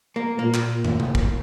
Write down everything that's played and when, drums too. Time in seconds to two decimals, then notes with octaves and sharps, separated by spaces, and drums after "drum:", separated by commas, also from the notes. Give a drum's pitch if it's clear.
0.16 A#3
0.39 A#2 A#3
0.54 drum: clap
0.85 drum: tom
1.00 drum: tom C3
1.15 drum: kick